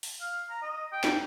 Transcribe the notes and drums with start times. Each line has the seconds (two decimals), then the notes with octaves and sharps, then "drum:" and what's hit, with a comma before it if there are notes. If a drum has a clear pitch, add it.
0.03 drum: open hi-hat
0.21 F5
0.50 A#5
0.62 D#5
0.92 G5
1.04 drum: snare